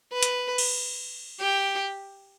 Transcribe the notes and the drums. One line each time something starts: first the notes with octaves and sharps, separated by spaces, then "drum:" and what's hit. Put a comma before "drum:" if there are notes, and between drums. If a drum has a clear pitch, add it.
B4
drum: hi-hat
drum: cymbal
G4